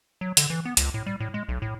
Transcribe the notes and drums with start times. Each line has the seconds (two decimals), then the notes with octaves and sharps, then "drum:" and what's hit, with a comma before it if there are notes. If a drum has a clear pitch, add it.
0.21 F#3
0.37 D3, drum: hi-hat
0.50 E3
0.65 B3
0.77 C#2, drum: hi-hat
0.94 A2
1.06 G3
1.20 A2
1.34 G#3
1.49 B1
1.62 A2